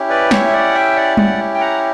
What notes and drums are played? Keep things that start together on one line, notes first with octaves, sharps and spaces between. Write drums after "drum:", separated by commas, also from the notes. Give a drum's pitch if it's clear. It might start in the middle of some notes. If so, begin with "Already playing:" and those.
Already playing: C#4 E4 G4
B4 D5
C#5 E5, drum: snare
E5
D5 F#5
E5 G5
D5 F#5
D5 F#5, drum: tom G3
G5
F#5 A#5